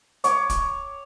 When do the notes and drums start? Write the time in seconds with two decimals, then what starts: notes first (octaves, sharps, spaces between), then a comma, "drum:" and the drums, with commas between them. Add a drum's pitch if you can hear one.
0.24 C#5 D6, drum: hi-hat
0.49 drum: kick, hi-hat